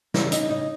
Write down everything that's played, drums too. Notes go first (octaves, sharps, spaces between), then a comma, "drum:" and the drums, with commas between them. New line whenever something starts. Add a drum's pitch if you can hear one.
C#3 E4 E5, drum: snare
D#4 D#5, drum: hi-hat
C#3
D#4 D#5